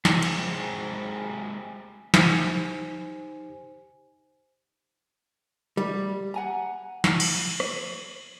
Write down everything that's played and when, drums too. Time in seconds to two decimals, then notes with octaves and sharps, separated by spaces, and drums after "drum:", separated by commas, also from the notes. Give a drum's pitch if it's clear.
0.05 G#3 C4 G4 C5, drum: snare
0.22 drum: cymbal
2.14 D#4 G4 C5 G#5, drum: snare
5.77 G3
6.34 F#5 G#5 A#5
7.04 drum: snare
7.20 drum: cymbal
7.60 drum: rim click